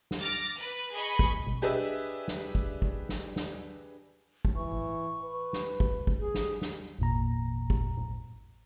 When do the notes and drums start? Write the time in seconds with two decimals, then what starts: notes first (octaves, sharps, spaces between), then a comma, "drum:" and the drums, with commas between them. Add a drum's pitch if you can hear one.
0.11 drum: snare
0.21 D6 F6 A6 A#6
0.58 B4
0.92 G#4 B4 D#5 B5 C#6
1.19 drum: kick
1.46 drum: tom B2
1.62 D4 G4 G#4 B4 D#5 E5
2.28 drum: snare
2.55 drum: kick
2.82 drum: kick
3.09 drum: snare
3.36 drum: snare
4.45 drum: kick
4.56 E3 C#6
4.72 drum: tom A2
5.22 B4
5.53 drum: snare
5.80 drum: kick
6.07 drum: kick
6.20 G#4
6.34 drum: snare
6.61 drum: snare
6.99 G#1 E2 A#2 A#5
7.70 drum: kick
7.97 drum: tom A2